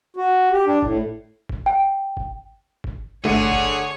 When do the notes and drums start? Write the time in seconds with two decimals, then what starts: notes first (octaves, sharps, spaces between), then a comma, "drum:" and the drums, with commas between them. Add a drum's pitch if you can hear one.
0.16 F#4
0.52 G4
0.66 D4
0.82 A2, drum: kick
1.49 drum: kick
1.66 G5
2.17 drum: kick
2.84 drum: kick
3.25 G1 D3 A3 G#4 C#5 C#7 D#7
3.51 drum: kick